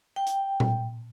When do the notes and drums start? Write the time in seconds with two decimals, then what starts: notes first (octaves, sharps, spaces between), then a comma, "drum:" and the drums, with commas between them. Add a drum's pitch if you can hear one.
0.16 G5
0.27 drum: hi-hat
0.60 drum: tom A#2